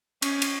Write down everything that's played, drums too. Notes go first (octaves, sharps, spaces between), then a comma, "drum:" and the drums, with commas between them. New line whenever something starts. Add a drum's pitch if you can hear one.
C#4, drum: cymbal
drum: cymbal